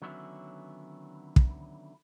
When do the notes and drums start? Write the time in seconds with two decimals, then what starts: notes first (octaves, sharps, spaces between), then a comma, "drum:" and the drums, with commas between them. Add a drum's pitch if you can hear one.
0.02 D3 D#3 F#3 B3 C#4 E4
1.36 drum: kick